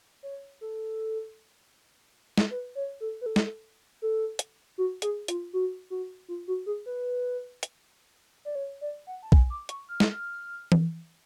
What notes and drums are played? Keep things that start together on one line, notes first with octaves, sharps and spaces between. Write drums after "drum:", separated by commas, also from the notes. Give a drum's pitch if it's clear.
C#5
A4
drum: snare
B4
C#5
A4
B4
A4
drum: snare
A4
drum: hi-hat
F#4
G#4, drum: hi-hat
F4, drum: hi-hat
F#4
F#4
F4
F#4
G#4
B4
drum: hi-hat
D5
C#5
D5
F#5
A5
G#5, drum: kick
D6
C#6, drum: hi-hat
F6
drum: snare
F6
drum: tom E3